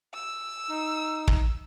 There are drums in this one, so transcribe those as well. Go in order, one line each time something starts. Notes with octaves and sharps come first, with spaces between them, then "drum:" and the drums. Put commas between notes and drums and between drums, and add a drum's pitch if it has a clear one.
E6
D#4
drum: kick